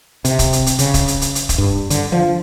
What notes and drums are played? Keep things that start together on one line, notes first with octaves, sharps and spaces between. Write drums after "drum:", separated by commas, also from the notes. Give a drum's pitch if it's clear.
C3, drum: hi-hat
drum: kick, hi-hat
drum: hi-hat
drum: hi-hat
C#3, drum: hi-hat
drum: kick, hi-hat
drum: hi-hat
drum: hi-hat
drum: hi-hat
drum: kick, hi-hat
G2
D3, drum: hi-hat
F3